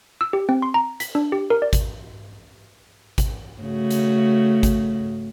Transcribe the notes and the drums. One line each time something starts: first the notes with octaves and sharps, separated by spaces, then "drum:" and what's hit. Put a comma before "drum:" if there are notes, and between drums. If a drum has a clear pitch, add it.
E6
G4
C4
C6
A#5
B6, drum: hi-hat
D4
G4
A#4
D5
drum: kick G#1, hi-hat
drum: kick G#1, hi-hat
C#3 A3 F#4
drum: hi-hat
drum: kick G#1, hi-hat